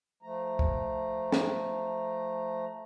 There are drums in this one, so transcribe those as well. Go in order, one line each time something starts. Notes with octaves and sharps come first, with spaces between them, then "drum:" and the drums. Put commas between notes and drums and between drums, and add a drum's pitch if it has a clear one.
F3 A3 A#5
drum: kick
drum: snare